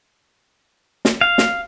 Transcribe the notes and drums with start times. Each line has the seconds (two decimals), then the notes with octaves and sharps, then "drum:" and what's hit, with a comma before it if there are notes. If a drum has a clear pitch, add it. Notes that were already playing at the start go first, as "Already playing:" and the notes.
1.05 drum: snare
1.21 F5
1.38 drum: snare